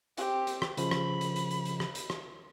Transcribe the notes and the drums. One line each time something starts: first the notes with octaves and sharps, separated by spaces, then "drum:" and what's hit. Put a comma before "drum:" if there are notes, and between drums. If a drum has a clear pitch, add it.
C4 G4, drum: hi-hat
drum: hi-hat
drum: rim click
C#3 F3 B5, drum: hi-hat
drum: rim click
drum: hi-hat
drum: hi-hat
drum: hi-hat
drum: hi-hat
drum: rim click
drum: hi-hat
drum: rim click